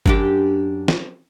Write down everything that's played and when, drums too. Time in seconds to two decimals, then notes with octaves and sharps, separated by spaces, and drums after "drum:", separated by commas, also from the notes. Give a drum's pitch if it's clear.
0.06 F#2 D4 G4, drum: kick G1
0.88 drum: snare